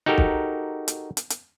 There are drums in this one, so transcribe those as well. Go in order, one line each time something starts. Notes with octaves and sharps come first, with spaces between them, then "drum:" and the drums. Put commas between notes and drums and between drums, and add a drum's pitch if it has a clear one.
D#4 F#4 G4 A4 A#4
drum: kick
drum: hi-hat
drum: hi-hat
drum: hi-hat